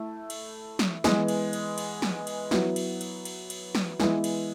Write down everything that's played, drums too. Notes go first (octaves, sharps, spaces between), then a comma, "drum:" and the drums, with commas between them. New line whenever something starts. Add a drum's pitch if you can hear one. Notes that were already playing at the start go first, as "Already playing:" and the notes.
Already playing: A3 E4
drum: cymbal
drum: snare
E3 G#3 B3, drum: snare
drum: cymbal
drum: cymbal
drum: cymbal
drum: snare
drum: cymbal
F#3 B3 E4, drum: snare
drum: cymbal
drum: cymbal
drum: cymbal
drum: cymbal
drum: snare
E3 G#3 B3 E4, drum: snare
drum: cymbal